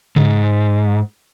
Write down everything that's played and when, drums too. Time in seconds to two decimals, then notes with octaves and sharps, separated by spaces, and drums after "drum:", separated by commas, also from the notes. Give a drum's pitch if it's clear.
0.16 G#2, drum: tom C#3